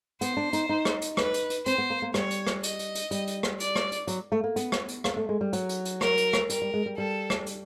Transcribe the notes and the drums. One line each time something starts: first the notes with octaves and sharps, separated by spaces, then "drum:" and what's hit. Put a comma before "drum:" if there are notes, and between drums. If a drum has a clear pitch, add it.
B3 C5, drum: hi-hat
D4
D#4, drum: hi-hat
D#4
drum: rim click
drum: hi-hat
B4, drum: rim click
drum: hi-hat
drum: hi-hat
C4 C5, drum: hi-hat
B3
A#3
A#3
G3 C#5, drum: rim click
drum: hi-hat
drum: rim click
D#5, drum: hi-hat
drum: hi-hat
drum: hi-hat
G3, drum: hi-hat
drum: hi-hat
drum: rim click
D5, drum: hi-hat
drum: rim click
drum: hi-hat
F#3, drum: hi-hat
A3
A#3
B3, drum: hi-hat
drum: rim click
drum: hi-hat
A#3, drum: rim click
A3
G#3
G3
F#3, drum: hi-hat
drum: hi-hat
drum: hi-hat
A#4, drum: rim click
drum: hi-hat
drum: rim click
G3 A#4, drum: hi-hat
G3
G#3
G3
G3 A4
drum: rim click
drum: hi-hat